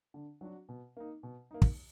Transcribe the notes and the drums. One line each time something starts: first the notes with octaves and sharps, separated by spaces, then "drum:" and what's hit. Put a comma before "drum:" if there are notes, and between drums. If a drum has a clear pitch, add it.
D3
F#3 D4 F#4
B2
A#3 D#4
B2
A#3 D#4
drum: kick